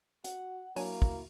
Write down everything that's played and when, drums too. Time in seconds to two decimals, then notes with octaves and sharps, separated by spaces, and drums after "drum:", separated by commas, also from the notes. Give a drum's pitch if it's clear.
0.24 F#4 F#5, drum: hi-hat
0.76 F#3 A#3 D4 E4 F#4 G#5, drum: open hi-hat
1.02 drum: kick